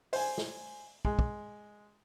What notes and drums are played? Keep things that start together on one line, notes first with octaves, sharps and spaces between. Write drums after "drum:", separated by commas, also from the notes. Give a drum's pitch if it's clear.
C5 G#5, drum: open hi-hat
drum: snare
G#3, drum: kick
drum: kick